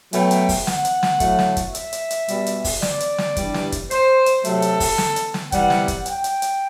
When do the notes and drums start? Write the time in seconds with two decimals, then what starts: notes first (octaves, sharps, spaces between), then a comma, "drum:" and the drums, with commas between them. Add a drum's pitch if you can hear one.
0.13 B2 F#3 A3 G5, drum: hi-hat
0.31 drum: hi-hat
0.49 drum: kick, open hi-hat
0.67 F#5, drum: snare
0.85 drum: hi-hat
1.03 drum: snare
1.20 A2 F#3 A3, drum: kick, hi-hat
1.39 drum: snare
1.57 drum: kick, hi-hat
1.75 E5, drum: hi-hat
1.93 drum: hi-hat
2.11 drum: hi-hat
2.28 B2 G3, drum: hi-hat
2.46 drum: hi-hat
2.64 drum: kick, open hi-hat
2.82 D5, drum: snare
3.00 drum: hi-hat
3.18 drum: snare
3.36 G2 E3 G3, drum: kick, hi-hat
3.54 drum: snare
3.72 drum: kick, hi-hat
3.91 C5, drum: hi-hat
4.26 drum: hi-hat
4.45 C3 F#3 A3 A4, drum: hi-hat
4.62 drum: hi-hat
4.80 drum: kick, open hi-hat
4.98 drum: snare
5.16 drum: hi-hat
5.34 drum: snare
5.52 C3 E3 G3 F#5, drum: kick, hi-hat
5.70 drum: snare
5.88 drum: kick, hi-hat
6.06 G5, drum: hi-hat
6.24 drum: hi-hat
6.42 drum: hi-hat